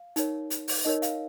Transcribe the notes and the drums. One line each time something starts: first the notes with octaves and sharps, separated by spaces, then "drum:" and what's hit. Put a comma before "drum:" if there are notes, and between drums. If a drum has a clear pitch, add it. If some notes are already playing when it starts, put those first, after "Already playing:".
Already playing: F5
D#4 A#4 C#5, drum: hi-hat
drum: hi-hat
drum: open hi-hat
D#4 A#4 C#5 D#5
F5, drum: hi-hat